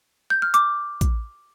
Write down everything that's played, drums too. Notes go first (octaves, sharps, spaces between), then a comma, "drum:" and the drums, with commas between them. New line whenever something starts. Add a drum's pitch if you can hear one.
G6
F6
D6, drum: hi-hat
drum: kick, hi-hat